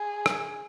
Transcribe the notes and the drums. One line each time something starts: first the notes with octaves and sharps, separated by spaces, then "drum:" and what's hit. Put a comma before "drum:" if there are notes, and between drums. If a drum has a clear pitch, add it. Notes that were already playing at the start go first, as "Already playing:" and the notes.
Already playing: G#4
drum: rim click